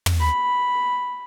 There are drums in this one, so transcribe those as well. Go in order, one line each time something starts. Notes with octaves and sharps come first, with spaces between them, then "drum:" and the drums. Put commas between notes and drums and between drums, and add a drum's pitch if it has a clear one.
drum: tom
B5